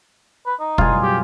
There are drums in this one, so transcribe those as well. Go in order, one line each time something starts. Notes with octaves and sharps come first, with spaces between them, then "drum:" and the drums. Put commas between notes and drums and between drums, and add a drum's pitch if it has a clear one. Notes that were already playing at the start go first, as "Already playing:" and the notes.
B4
D#4
F#2 B2 G3 F4 G#4, drum: kick
G4